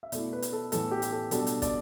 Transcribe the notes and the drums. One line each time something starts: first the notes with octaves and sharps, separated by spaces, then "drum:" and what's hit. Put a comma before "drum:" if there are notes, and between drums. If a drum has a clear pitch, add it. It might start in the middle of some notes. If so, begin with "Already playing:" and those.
E5
B2 A3 E4 D5, drum: hi-hat
B4
drum: hi-hat
A4
A2 E3 B3 A4, drum: hi-hat
G4
drum: hi-hat
A4
B2 G3 D4 A4, drum: hi-hat
drum: hi-hat
D5, drum: kick, hi-hat